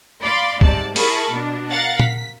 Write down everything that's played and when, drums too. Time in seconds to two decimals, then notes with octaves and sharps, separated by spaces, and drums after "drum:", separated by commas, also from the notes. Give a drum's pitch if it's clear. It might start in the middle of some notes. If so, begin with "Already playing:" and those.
0.23 D5 F5 B5 C6 D6
0.61 G#2 C3 G3 D5 A5, drum: kick
0.96 E4 G#4 A#4 A5 B5 C#6, drum: open hi-hat
1.30 B2 D4
1.71 A#4 F5 F#5 A6
1.99 B6, drum: tom A#2